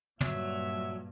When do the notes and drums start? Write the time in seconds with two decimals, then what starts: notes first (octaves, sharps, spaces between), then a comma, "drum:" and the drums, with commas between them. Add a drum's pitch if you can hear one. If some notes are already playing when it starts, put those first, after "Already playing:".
0.21 G2 A#2 F#3 E5, drum: tom